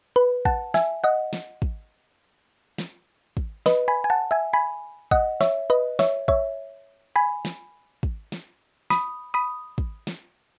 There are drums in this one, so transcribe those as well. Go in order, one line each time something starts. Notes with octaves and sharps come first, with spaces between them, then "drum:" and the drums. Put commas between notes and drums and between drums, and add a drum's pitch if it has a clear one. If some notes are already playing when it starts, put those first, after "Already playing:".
B4
F#5 A5, drum: kick
E5 G#5, drum: snare
D#5 F#5
drum: snare
drum: kick
drum: snare
drum: kick
B4 D#5, drum: snare
G#5 B5
G#5
F#5 A5
E5 G#5
G#5 B5
D#5 F#5, drum: kick
C#5 E5, drum: snare
B4 D#5
C#5 E5, drum: snare
C#5 E5, drum: kick
G#5 B5
drum: snare
drum: kick
drum: snare
B5 D#6, drum: snare
B5 D#6
drum: kick
drum: snare